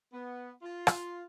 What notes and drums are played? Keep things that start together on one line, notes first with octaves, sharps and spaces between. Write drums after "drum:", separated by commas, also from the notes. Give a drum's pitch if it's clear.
B3
F4
drum: rim click